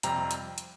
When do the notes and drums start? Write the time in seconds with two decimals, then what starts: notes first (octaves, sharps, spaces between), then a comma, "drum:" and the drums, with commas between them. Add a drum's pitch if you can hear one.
0.03 F2 C3 G3 C4 A#5, drum: hi-hat
0.31 drum: hi-hat
0.58 drum: hi-hat